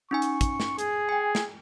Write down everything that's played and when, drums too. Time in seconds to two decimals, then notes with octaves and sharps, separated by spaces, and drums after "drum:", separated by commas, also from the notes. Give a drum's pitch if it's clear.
0.11 C#4 D#4 G#5 C#6
0.22 drum: hi-hat
0.41 drum: kick, hi-hat
0.60 drum: snare
0.78 G#4, drum: hi-hat
1.09 G5 G#5
1.35 drum: snare